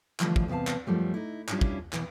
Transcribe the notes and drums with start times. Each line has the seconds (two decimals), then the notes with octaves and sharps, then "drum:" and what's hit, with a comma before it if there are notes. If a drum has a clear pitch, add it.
0.20 D3 E3 F3 G3 A3, drum: clap
0.36 drum: kick
0.48 E2 C3 B3 F5 A5
0.67 drum: clap
0.87 F#2 F3 G3 A3
1.14 D#4 E4
1.49 G3 C#4 D4 E4 F4, drum: clap
1.61 drum: kick
1.93 B2 E3, drum: clap